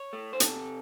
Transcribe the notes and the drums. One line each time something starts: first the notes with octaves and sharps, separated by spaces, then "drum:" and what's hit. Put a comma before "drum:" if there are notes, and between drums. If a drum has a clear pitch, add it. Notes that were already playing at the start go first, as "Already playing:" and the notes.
Already playing: C#5
A3
C5
C3 A4, drum: hi-hat